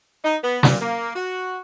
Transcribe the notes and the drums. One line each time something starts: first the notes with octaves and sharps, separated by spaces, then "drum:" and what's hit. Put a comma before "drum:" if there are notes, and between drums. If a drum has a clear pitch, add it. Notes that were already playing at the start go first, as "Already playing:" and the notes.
D#4
B3
A#2, drum: snare
A#3
F#4